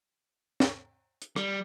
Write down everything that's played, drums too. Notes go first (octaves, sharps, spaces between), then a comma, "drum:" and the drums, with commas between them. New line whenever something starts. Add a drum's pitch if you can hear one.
drum: snare
drum: hi-hat
G3, drum: rim click